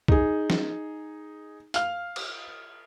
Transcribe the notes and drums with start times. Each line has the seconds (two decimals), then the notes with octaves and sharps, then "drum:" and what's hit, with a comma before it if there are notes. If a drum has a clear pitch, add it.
0.08 D#4 G#4, drum: kick
0.50 drum: snare
1.74 F5 F6, drum: hi-hat
2.16 drum: cymbal